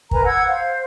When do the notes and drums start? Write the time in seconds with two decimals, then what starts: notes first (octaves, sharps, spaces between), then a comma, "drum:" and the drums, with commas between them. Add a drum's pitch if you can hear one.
0.11 A#4 B4 G#5 A#5, drum: kick
0.25 F#5 E6 G#6
0.46 C5 F5